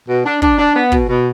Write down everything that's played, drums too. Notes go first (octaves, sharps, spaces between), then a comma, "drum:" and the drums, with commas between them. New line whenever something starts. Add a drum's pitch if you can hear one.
B2
D4
D4, drum: kick
D4
B3
B2, drum: kick
B2